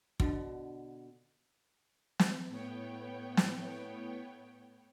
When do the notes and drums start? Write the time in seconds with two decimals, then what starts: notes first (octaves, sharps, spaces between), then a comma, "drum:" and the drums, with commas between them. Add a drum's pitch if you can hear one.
0.20 B2 D3, drum: kick
2.19 drum: snare
2.48 A2 B3 C#5 G5
3.37 drum: snare